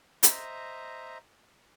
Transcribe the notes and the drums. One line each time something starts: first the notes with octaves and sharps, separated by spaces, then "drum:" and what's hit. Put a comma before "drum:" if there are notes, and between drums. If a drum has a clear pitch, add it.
C5 D#5 E5 A#5, drum: hi-hat